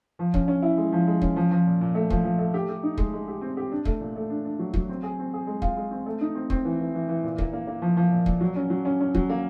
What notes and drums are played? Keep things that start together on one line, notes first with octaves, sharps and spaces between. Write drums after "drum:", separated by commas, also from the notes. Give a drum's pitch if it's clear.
F3
C#4, drum: kick
C#4
E4
G#3
F3
G#3
C#4, drum: kick
F3
F3
A#2
A#2
A3
F3, drum: kick
F3
A3
G4
G4
D#4
G#3, drum: kick
G#3
G4
C4
G4
D4
A3, drum: kick
A#2
A3
D4
D4
F#3
F#3, drum: kick
C4
G#4
C4
G#4
G#3
F4, drum: kick
G#3
C4
A3
D#4
C4
C4, drum: kick
E3
E3
E3
E3
A#2
A#3, drum: kick
A#3
A#3
F3
F3
A#2
A#2, drum: kick
F#3
C#4
F#3
C#4
C#4
F#3, drum: kick
A#3